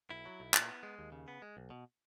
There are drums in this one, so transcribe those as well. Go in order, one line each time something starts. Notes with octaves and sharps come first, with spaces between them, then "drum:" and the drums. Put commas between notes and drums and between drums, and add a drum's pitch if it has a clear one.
B1 E4
F#3
B1
A#2, drum: clap
B3
G#3
D#2
C#3
B3
G#3
B1
B2